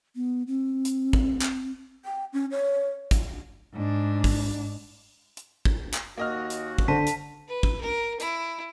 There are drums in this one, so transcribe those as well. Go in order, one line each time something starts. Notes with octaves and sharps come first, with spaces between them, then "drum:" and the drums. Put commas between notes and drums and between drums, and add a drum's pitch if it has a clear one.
B3
C4
drum: hi-hat
drum: kick
drum: clap
G5
C#4
C#5
drum: kick, hi-hat
G#2 D4
drum: kick, open hi-hat
drum: hi-hat
drum: kick
drum: clap
D#2 A#3 F#4 D#5 F6
drum: hi-hat
drum: kick
D3 C5 A5 B6
drum: hi-hat
B4
drum: kick
A#4
E4, drum: hi-hat